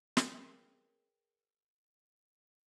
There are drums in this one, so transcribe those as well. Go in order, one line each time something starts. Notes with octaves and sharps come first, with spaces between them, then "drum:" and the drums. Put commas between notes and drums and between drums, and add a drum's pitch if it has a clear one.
G#4 A#4 B4 C#5 G5, drum: snare